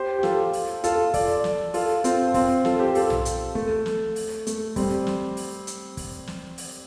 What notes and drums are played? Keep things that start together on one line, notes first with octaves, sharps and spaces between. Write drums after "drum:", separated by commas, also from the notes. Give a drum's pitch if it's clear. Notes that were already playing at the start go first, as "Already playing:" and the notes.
Already playing: G4 C5
G4
F4 A4, drum: snare
drum: open hi-hat
F4 A4, drum: hi-hat
A4 D5, drum: kick, open hi-hat
drum: snare
F4 A4, drum: open hi-hat
C4 F4, drum: hi-hat
C4 F4, drum: kick, open hi-hat
F4 A4, drum: snare
G4 C5
F4 A4, drum: open hi-hat
drum: tom
drum: hi-hat
A3, drum: kick
drum: snare
drum: open hi-hat
A3, drum: hi-hat
G3 C4, drum: kick, open hi-hat
drum: snare
drum: open hi-hat
drum: hi-hat
drum: kick, open hi-hat
drum: snare
drum: open hi-hat